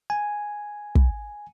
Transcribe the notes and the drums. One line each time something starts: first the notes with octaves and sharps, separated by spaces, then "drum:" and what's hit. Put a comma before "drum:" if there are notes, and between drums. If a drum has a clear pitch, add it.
G#5
drum: kick